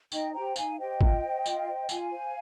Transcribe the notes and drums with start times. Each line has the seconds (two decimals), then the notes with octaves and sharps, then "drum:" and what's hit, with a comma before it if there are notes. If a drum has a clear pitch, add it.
0.12 D#4 D#5 G5, drum: tambourine
0.34 G4 C5 G5 A#5
0.56 D#4 F5 G#5, drum: tambourine
0.79 G4 C5 D#5 G5
1.01 F4, drum: kick
1.23 C5
1.46 F4, drum: tambourine
1.68 C5
1.89 F4 F5 G#5, drum: tambourine
2.12 C5